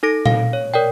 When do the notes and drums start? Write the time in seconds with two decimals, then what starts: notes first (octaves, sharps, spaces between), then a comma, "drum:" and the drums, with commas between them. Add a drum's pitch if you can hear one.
0.03 D#4 A4 A#6 D7
0.26 F5, drum: tom A#2
0.53 C#5
0.74 A#4 C#5 D5 G5